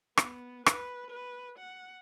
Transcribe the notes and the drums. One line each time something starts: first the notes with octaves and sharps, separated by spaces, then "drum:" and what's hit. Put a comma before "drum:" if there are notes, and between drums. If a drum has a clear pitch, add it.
B3, drum: rim click
B4, drum: rim click
B4
F#5